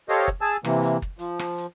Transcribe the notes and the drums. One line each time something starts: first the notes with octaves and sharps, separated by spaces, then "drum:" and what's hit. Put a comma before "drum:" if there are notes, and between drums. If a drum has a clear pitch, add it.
G4 A4 C5 C#5 D#5 F5, drum: hi-hat
drum: kick
G#4 G#5 A5 E6
C3 E3 A#3, drum: rim click
drum: hi-hat
drum: kick
F3, drum: hi-hat
drum: rim click
drum: hi-hat